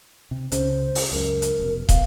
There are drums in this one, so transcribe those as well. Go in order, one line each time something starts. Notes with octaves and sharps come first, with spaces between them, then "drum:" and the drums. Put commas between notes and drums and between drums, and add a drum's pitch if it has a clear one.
C3
C#2 C#3 C#4 C5, drum: hi-hat
drum: open hi-hat
C#2 F#2 A#4
drum: hi-hat
F1 B2
B2 F5, drum: kick, hi-hat